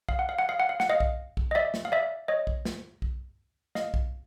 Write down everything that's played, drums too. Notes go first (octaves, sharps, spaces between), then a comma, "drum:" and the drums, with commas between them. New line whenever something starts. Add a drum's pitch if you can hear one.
F5, drum: kick B1
F#5
F5
F#5
F5
F#5
F5
F#5, drum: snare
D#5 F5
drum: kick B1
drum: kick B1
D#5
D5 E5
drum: snare
F5
D5 E5
C#5 D#5
drum: kick B1
drum: snare
drum: kick B1
D#5 F5, drum: snare
drum: kick B1